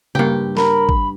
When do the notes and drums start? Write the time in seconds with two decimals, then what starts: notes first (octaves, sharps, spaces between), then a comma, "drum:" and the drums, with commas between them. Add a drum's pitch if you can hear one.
0.15 G2 C#3 A#3 G4
0.57 A#4 B5, drum: snare
0.89 drum: kick G#1